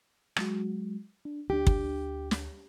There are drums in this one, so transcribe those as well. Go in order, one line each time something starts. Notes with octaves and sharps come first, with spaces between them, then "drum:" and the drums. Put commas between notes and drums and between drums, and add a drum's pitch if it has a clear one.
F#3 G#3 F#4, drum: rim click
D4
D2 D4 G4
drum: kick
drum: snare